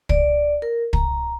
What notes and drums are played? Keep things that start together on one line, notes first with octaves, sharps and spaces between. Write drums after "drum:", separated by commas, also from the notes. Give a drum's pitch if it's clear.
D5, drum: kick
A#4
A#5, drum: kick